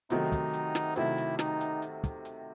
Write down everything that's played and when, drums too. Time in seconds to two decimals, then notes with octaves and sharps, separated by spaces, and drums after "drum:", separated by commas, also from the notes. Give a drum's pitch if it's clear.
0.10 C3 D#3 F#3 A3 C4 D#4, drum: hi-hat
0.32 drum: kick, hi-hat
0.54 drum: hi-hat
0.75 drum: snare
0.96 C3 D#3 F#3 A3 C4 E4, drum: hi-hat
1.18 drum: hi-hat
1.39 D#4, drum: snare
1.61 drum: hi-hat
1.82 drum: hi-hat
2.04 drum: kick, hi-hat
2.25 drum: hi-hat